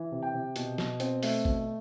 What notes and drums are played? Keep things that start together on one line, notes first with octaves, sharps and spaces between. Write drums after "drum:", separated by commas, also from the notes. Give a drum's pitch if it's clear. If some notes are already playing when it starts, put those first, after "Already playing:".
Already playing: E3
C3
G5
C3
B2, drum: hi-hat
B2, drum: snare
C4, drum: hi-hat
A3, drum: open hi-hat
B2, drum: kick A1